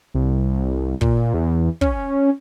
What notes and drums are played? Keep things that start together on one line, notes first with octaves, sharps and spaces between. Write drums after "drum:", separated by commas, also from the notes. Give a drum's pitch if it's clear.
C2
A#2, drum: kick
E2
C#4, drum: kick